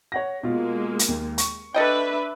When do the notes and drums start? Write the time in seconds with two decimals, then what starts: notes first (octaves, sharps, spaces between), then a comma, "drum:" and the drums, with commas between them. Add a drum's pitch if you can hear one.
0.12 C#5 F#5 A#6
0.43 B2 G#3 A#3 F4
0.99 drum: hi-hat
1.08 D#2
1.38 C#6, drum: hi-hat
1.74 D4 A4 B4 D#5 E5 G5